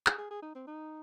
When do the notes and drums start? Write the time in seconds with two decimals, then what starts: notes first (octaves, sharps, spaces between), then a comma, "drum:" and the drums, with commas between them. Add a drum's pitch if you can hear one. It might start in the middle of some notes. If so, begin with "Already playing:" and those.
0.06 G#4, drum: clap
0.18 G#4
0.31 G#4
0.42 D#4
0.55 C4
0.67 D#4